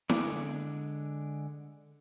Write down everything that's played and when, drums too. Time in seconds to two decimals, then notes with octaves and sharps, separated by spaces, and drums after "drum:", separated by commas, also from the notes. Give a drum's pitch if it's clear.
0.10 D3 G#3 D6, drum: snare E4